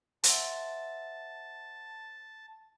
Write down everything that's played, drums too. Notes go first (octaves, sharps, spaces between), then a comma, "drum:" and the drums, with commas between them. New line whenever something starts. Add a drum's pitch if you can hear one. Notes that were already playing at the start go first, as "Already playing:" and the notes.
C5 E5 F#5 A5, drum: hi-hat